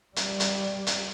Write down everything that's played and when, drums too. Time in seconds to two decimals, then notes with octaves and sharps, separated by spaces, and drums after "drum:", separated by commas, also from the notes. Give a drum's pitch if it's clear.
0.16 G3, drum: hi-hat
0.40 drum: hi-hat
0.87 drum: hi-hat